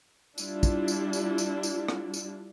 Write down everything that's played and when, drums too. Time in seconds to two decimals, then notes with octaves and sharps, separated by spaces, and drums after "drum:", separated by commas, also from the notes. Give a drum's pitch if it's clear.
0.38 G3 D4 E4 F4, drum: tambourine
0.63 drum: kick, tambourine
0.88 drum: tambourine
1.13 drum: tambourine
1.38 drum: tambourine
1.63 drum: tambourine
1.88 drum: rim click
2.14 drum: tambourine